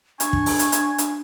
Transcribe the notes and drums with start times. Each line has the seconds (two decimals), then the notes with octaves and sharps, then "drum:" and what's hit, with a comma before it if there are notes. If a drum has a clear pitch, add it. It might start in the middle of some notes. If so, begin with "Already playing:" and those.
0.20 D4 G#5 C#6, drum: hi-hat
0.33 drum: kick
0.46 drum: open hi-hat
0.59 drum: hi-hat
0.72 drum: hi-hat
0.98 drum: hi-hat